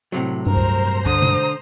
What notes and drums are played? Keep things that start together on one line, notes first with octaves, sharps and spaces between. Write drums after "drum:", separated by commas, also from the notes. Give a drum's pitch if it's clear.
A2 C3 F#3
G2 A#4 C5 A#5
drum: kick C#2
D3 D#6, drum: kick C#2
drum: tom B2